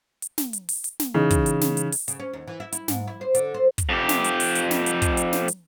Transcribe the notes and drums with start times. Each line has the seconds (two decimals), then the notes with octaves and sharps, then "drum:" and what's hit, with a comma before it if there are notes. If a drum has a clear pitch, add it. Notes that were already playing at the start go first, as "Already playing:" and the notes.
0.22 drum: hi-hat
0.38 drum: snare
0.53 drum: hi-hat
0.69 drum: open hi-hat
0.84 drum: hi-hat
1.00 drum: snare
1.14 C#3 E3 D#4
1.30 drum: kick, hi-hat
1.46 drum: hi-hat
1.61 drum: snare
1.77 drum: hi-hat
1.92 drum: open hi-hat
2.08 C#3, drum: hi-hat
2.20 C#4
2.33 D#2
2.48 E3
2.60 E4
2.72 E4, drum: hi-hat
2.88 G#2, drum: snare
3.07 E4
3.21 C5
3.35 D3, drum: hi-hat
3.54 C5
3.78 drum: kick, hi-hat
3.89 F2 G4
4.09 drum: snare
4.24 drum: hi-hat
4.40 drum: open hi-hat
4.55 drum: hi-hat
4.71 drum: snare
4.86 drum: hi-hat
5.02 drum: kick, hi-hat
5.17 drum: hi-hat
5.33 drum: snare
5.48 drum: hi-hat